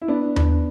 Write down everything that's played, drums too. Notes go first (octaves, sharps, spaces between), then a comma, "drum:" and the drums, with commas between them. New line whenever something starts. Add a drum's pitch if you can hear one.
E4
B3 D4
B3 D4, drum: tom D#2